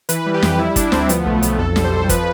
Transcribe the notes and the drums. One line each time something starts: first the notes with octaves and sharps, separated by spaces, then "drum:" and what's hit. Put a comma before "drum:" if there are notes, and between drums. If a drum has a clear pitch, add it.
E3 B4, drum: hi-hat
G3
G4
F2, drum: snare
G3 E4
G3 D4, drum: kick G1, hi-hat
D2 C4, drum: snare
F3 B3, drum: hi-hat
B1 A3
B1 B3, drum: hi-hat
F2 A4
G3, drum: snare
C5
F2
F3 B4, drum: kick G1, hi-hat